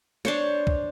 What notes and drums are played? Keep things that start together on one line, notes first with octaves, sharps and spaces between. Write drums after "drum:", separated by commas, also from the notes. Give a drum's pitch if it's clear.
D4 C5 C#5, drum: snare
drum: kick